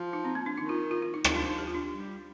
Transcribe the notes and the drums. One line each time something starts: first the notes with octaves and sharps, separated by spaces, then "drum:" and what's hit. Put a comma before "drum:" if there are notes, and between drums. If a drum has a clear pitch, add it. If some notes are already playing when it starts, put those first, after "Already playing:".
Already playing: F3
D#4
C4
A#3
D4
D#3 D#4
F4
F4
F4
D#4
F3 D#4, drum: rim click
D4
D#4
G4
F4
D4
G3